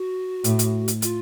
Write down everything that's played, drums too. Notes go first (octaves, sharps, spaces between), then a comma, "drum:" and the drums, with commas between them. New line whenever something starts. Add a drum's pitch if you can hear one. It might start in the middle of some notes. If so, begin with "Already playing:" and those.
Already playing: F#4
A2, drum: hi-hat
drum: hi-hat
drum: hi-hat
F4, drum: hi-hat